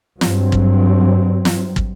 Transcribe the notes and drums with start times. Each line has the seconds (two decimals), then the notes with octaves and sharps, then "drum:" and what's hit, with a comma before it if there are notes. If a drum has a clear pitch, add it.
0.21 G2 F#3 C4, drum: snare
0.52 drum: kick
1.45 drum: snare
1.76 drum: kick